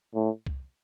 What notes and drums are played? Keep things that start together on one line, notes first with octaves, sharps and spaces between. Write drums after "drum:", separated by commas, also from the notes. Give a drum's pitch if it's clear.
A2
drum: kick C2